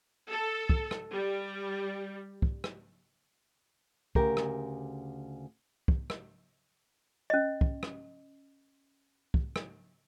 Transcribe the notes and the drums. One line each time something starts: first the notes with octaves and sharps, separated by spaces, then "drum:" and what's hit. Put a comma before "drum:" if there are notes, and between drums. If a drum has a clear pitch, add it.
A4
drum: kick
drum: rim click
G3
drum: kick
drum: rim click
D2 C#3 G4 A#4, drum: kick
drum: rim click
drum: kick
drum: rim click
C#4 D#5
drum: kick
drum: rim click
drum: kick
drum: rim click